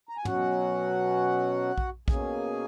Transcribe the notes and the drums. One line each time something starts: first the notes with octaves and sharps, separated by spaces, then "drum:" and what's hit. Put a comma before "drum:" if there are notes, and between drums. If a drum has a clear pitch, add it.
A#5
G#5
B2 F#3 C#4 F#4 F#5, drum: tom
drum: kick A#1
B2 A#3 C#4 G#4 G#5, drum: kick A#1